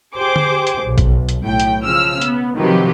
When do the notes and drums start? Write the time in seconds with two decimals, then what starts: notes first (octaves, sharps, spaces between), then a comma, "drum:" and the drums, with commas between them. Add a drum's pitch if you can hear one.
0.14 G4 G#4 C5 D6
0.36 drum: tom D3
0.67 drum: hi-hat
0.83 B1
0.98 drum: kick A#1, hi-hat
1.29 drum: hi-hat
1.44 B1 A2 G5
1.60 drum: hi-hat
1.85 C#3 F3 E6 F6
2.22 B3, drum: hi-hat
2.57 C3 D#3 F3 F#3 G4 B4